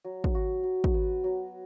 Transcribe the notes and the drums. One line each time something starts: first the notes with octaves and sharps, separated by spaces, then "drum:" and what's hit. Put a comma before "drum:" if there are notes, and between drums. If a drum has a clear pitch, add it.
F#3
drum: kick
F#4
F#3
drum: kick
B3
F#3